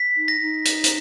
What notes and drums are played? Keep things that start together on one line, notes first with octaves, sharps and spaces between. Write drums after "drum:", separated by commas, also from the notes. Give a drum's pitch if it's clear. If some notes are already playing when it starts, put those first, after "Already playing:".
Already playing: B6
D#4
A#6
D#4
drum: hi-hat
drum: hi-hat